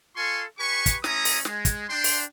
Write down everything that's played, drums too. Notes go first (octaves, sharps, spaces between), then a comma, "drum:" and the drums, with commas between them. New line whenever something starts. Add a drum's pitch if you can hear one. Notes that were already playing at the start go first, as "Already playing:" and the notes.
F4 A4 F5 G#5 C6 C#6
G4 B4 G#5 B5 C#6
drum: kick, hi-hat
A3 C#4 E4 A#5 D#6, drum: snare
drum: open hi-hat
G#3, drum: snare
drum: kick, hi-hat
D4 G5 C6
drum: open hi-hat